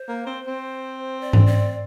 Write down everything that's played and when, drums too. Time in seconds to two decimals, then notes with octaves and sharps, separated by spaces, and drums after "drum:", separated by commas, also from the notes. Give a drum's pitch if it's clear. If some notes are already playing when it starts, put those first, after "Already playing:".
Already playing: C5
0.08 A#3
0.26 C4
0.47 C4
1.21 D5
1.33 drum: tom G#2
1.46 D5